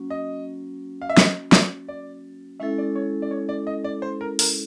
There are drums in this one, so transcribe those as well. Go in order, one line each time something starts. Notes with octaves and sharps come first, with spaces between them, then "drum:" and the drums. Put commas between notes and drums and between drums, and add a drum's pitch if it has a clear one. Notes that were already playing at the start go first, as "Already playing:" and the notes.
Already playing: F#3 A#3 C#4 F#4
D#5
F5
E5
D#5, drum: snare
D5, drum: snare
D5
G#3 C#4 E4 A4 E5
D5
C#5
D5
C#5
D5
D#5
D5
C5
A#4
A#4, drum: open hi-hat